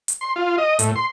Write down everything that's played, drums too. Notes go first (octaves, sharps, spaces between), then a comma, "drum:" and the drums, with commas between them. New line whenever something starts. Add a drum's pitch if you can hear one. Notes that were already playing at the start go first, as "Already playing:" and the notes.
drum: hi-hat
C6
F4
D#5
A2, drum: hi-hat
C6